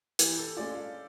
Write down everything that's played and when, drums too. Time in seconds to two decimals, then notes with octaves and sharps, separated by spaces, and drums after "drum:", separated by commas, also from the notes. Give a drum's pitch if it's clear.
0.19 E3 G4, drum: hi-hat
0.38 A4
0.56 G#3 C#4 F4 D5
0.75 F5